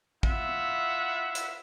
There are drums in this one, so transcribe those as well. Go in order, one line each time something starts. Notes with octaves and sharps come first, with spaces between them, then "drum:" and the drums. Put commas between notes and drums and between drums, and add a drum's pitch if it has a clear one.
E4 F4 E5 F#5, drum: kick
drum: hi-hat